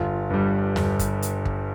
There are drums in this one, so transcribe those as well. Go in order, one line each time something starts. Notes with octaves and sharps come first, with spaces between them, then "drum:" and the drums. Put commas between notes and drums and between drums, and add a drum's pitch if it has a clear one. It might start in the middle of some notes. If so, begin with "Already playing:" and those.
Already playing: G1 F4
G2 G3
G1, drum: snare
drum: kick, hi-hat
drum: hi-hat
drum: kick